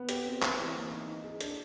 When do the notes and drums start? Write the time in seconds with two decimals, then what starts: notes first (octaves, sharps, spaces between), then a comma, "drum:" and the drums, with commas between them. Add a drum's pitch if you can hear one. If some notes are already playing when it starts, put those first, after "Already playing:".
Already playing: B3
0.09 G4, drum: hi-hat
0.25 C4
0.42 C4, drum: clap
0.58 E3
0.74 A#3
0.91 D#4
1.07 D#4
1.24 G#4
1.41 D4, drum: hi-hat